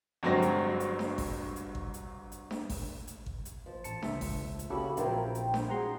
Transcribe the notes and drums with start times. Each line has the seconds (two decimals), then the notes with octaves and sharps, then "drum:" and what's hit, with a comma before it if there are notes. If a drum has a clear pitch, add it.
0.23 G1 G2 F#3 G#3 C4 A#6
0.42 drum: hi-hat
0.80 drum: hi-hat
0.99 drum: snare D4
1.18 drum: kick, open hi-hat
1.56 drum: hi-hat
1.75 drum: kick
1.94 drum: hi-hat
2.32 drum: hi-hat
2.51 drum: snare D4
2.70 drum: kick, open hi-hat
3.07 drum: hi-hat
3.26 drum: kick
3.45 drum: hi-hat
3.66 F3
3.84 A1 A5 C#7, drum: hi-hat
4.02 C#2 E5, drum: snare D4
4.21 drum: kick, open hi-hat
4.59 drum: hi-hat
4.70 C#3 F#4 G4 A4 B5
4.97 A#1 F#3 C4 E4 F4 A#4 G5, drum: hi-hat
5.35 drum: hi-hat
5.54 drum: snare D4
5.69 G#4 F#5 A#5 C6